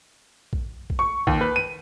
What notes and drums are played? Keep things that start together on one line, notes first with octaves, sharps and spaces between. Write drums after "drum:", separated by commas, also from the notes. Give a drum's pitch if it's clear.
drum: kick A#1
drum: kick A#1
C#6
D#2, drum: kick A#1
B4
D#7